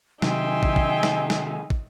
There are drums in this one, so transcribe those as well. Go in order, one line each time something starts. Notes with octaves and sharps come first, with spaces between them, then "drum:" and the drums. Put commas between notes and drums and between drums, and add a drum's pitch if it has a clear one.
C3 D#3 F#3 D#4 E5 G5 G#5 C6, drum: snare
drum: kick
drum: kick
drum: snare
drum: snare
drum: kick